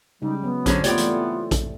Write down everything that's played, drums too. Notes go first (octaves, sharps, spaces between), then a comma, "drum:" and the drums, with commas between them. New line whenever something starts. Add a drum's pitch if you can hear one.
C#3 G3 G#3 D#4
F#3 B3
D3 F#3 C4 C#4 G#4, drum: kick A#1, hi-hat
A3 B3 F4 G4 C#5 D5 G5, drum: hi-hat
E3 A3, drum: hi-hat
drum: kick A#1, hi-hat